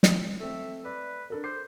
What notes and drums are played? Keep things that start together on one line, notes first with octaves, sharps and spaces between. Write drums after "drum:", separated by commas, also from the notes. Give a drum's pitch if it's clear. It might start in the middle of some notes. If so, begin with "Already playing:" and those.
drum: snare
A3 C4 E5
B4 D5
D4 A4 A#4
C5 D6 C7